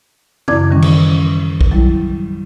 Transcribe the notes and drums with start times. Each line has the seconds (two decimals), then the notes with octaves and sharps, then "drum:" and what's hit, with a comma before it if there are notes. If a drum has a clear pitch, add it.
0.48 F#2 C#3 E4 D5 D6 G#6, drum: tom
0.71 D#3 E3 G3 C#4
0.82 drum: cymbal
1.61 drum: kick B1
1.72 F#3 G3 E4